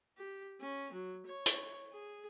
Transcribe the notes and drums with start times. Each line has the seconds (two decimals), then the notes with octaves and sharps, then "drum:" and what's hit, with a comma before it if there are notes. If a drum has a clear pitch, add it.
0.17 G4
0.61 C#4
0.92 F#3
1.26 C#5
1.46 drum: hi-hat
1.93 G#4